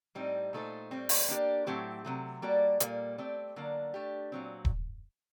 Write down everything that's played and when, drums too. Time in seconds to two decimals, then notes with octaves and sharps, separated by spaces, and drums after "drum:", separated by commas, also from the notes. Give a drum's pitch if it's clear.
0.15 A2 G3 C4 D#4
0.53 A#2 A3 D#4 A4 C5
0.91 A2 G3 C4
1.09 drum: open hi-hat
1.29 A#3 D4 G4 D5
1.67 A2 F#3 A3 C4 G4
2.05 C3 F#3 A3
2.42 G3 A#3 F#4 A4 D5
2.80 A#2 G3 A#3, drum: hi-hat
3.18 A3 C4 G4 D5
3.56 D3 F#3 A#3 D4
3.94 A3 D4 G4
4.32 A#2 F#3 C4
4.65 drum: kick D#1